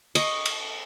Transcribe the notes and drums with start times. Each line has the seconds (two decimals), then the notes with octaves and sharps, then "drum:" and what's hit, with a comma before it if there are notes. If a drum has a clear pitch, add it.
0.15 D#5 C#6, drum: cymbal
0.46 drum: cymbal